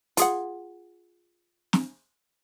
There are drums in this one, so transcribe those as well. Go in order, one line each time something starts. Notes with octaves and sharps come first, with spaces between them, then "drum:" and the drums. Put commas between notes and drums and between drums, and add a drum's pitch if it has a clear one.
F4 G#4 F#5, drum: hi-hat
drum: snare